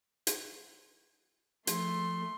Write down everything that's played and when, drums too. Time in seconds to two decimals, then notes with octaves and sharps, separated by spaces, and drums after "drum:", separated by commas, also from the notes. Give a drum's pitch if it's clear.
0.27 drum: hi-hat
1.67 F3 A3 C6, drum: hi-hat